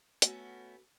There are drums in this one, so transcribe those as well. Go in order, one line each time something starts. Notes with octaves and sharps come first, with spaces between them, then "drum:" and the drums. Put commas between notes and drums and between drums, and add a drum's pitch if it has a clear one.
A3 B3 C#4 E4 F#4 A4, drum: hi-hat